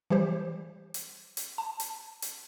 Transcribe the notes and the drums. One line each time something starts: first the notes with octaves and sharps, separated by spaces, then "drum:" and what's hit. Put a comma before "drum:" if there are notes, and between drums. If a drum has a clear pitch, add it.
E3 G3 G4 C5
drum: hi-hat
drum: hi-hat
A5
drum: hi-hat
drum: hi-hat